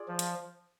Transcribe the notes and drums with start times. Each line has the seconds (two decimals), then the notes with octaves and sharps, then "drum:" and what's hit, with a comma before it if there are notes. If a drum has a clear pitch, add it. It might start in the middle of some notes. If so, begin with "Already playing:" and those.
Already playing: F4 G#4 D5
0.08 F3
0.19 drum: hi-hat